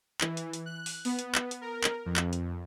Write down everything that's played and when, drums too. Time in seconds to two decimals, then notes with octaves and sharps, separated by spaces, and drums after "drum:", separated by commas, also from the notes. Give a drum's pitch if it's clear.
0.21 E3, drum: clap
0.37 drum: hi-hat
0.53 drum: hi-hat
0.66 F#6
0.86 drum: open hi-hat
1.05 B3, drum: open hi-hat
1.19 drum: hi-hat
1.35 drum: clap
1.51 drum: hi-hat
1.61 A#4
1.84 drum: clap
2.06 F2
2.16 drum: clap
2.33 drum: hi-hat